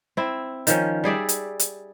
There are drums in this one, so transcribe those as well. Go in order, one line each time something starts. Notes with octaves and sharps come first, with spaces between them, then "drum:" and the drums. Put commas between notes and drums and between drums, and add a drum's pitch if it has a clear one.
C4 E4
D#3 F3 C#4, drum: hi-hat
G3 G#4 D5 E5
drum: hi-hat
drum: hi-hat